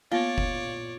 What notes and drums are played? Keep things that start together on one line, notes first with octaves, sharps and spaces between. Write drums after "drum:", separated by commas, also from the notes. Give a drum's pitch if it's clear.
A#3 B3 F4 C#5 D5 F5 A6
drum: kick F1